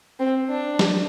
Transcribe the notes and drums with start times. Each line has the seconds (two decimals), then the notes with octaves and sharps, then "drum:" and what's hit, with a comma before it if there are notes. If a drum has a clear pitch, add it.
0.19 C4
0.49 D4
0.79 drum: snare